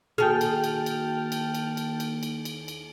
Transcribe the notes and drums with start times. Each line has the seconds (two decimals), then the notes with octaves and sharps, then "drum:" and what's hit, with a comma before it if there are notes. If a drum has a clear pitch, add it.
0.18 D#2 F#4 G#4 G5 A5 F6
0.41 drum: cymbal
0.64 drum: cymbal
0.86 drum: cymbal
1.32 drum: cymbal
1.54 drum: cymbal
1.77 drum: cymbal
2.00 drum: cymbal
2.23 drum: cymbal
2.45 drum: cymbal
2.68 drum: cymbal